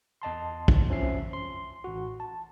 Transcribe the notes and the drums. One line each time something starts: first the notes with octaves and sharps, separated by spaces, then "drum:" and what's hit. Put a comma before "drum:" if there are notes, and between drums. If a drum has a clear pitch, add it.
E2 D#5 A5 C6
drum: kick
F2 F3 C#4 E5 C7
C6
A1 F#4
A5